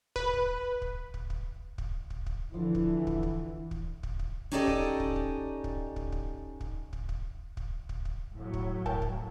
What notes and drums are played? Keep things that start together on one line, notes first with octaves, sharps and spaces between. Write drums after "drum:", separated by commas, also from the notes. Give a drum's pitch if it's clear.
B4, drum: kick
drum: kick
drum: kick
drum: kick
drum: kick
drum: kick
drum: kick
drum: kick
D3 E3 F3 E4
drum: kick
drum: kick
drum: kick
drum: kick
drum: kick
drum: kick
C#4 D#4 G4 A4 D5 D#5
drum: kick
drum: kick
drum: kick
drum: kick
drum: kick
drum: kick
drum: kick
drum: kick
drum: kick
drum: kick
drum: kick
drum: kick
A2 F#3
drum: kick
A#4 G5 A5, drum: kick
drum: kick